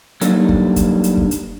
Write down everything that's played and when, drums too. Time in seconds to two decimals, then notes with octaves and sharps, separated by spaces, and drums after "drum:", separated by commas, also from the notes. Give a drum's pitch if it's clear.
0.21 F#3 G3 A3 A#3 D4 D#4, drum: hi-hat
0.49 drum: kick
0.76 drum: kick, hi-hat
1.04 drum: hi-hat
1.17 drum: kick
1.31 drum: hi-hat